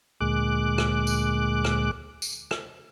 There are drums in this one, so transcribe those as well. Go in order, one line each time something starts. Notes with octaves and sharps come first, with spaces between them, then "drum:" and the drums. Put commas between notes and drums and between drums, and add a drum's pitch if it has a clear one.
D2 A#2 G#3 D6 F#6
drum: rim click
drum: tambourine
drum: rim click
drum: tambourine
drum: rim click